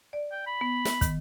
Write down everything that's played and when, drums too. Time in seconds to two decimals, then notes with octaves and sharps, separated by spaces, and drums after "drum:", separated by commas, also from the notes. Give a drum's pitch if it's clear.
0.13 D5
0.31 G5
0.46 B5
0.61 B3
0.85 drum: snare
1.01 D#3, drum: kick, hi-hat